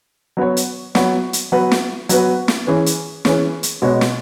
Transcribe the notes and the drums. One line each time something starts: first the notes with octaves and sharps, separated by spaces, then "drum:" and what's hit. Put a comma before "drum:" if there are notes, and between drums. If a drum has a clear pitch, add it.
F#3 B3 F#4 C#5
drum: hi-hat
F#3 B3 F#4 C#5, drum: snare
drum: hi-hat
F#3 B3 F#4 B4
drum: snare
F#3 B3 F#4 B4, drum: hi-hat
drum: snare
E3 C#4 G#4 B4
drum: hi-hat
E3 C#4 G#4 B4, drum: snare
drum: hi-hat
B2 G#3 B3 F#4 C#5
drum: snare